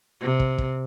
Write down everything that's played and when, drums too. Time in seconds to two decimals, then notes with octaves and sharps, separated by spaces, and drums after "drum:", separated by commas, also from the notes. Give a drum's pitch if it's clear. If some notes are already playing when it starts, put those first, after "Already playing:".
0.21 C3
0.40 drum: kick
0.58 drum: kick